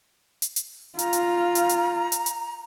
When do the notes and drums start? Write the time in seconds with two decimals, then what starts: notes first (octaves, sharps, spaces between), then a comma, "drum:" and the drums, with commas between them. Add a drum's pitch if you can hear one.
0.42 drum: hi-hat
0.56 drum: hi-hat
0.99 F4 A#5, drum: hi-hat
1.13 drum: hi-hat
1.55 drum: hi-hat
1.69 drum: hi-hat
2.12 drum: hi-hat
2.26 drum: hi-hat